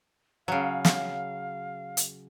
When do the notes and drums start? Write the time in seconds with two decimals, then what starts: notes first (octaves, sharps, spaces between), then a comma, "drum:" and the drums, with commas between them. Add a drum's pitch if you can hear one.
0.48 C#3 F#3 F5
0.85 drum: snare
1.97 drum: hi-hat